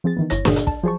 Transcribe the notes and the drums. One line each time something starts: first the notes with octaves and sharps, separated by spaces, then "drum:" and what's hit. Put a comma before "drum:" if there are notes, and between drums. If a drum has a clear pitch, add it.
F3 C4 G#4 A6
D#3 E3 B3
G1 E4 C#5 A#6, drum: hi-hat
G1 A#2 D3 G#4, drum: snare
drum: hi-hat
A5, drum: kick
F3 F#3 G#4 C5 A5 C#6